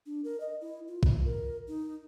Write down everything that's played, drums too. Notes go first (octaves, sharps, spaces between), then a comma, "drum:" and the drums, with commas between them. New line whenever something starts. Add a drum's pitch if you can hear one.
D4
A#4
D#5
E4
F4
drum: kick A#1
A#4
D#4